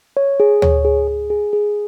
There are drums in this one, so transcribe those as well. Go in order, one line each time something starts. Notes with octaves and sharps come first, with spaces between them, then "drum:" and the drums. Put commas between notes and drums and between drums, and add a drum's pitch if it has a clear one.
C#5
G#4
C#5, drum: tom D2
G#4
G#4
G#4
G#4